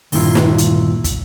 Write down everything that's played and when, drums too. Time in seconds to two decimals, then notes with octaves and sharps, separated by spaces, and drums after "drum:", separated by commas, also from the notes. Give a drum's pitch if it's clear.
0.12 D2 G2 A#2 D#3 E4 F4, drum: open hi-hat
0.35 drum: snare
0.58 drum: hi-hat
1.04 drum: kick, hi-hat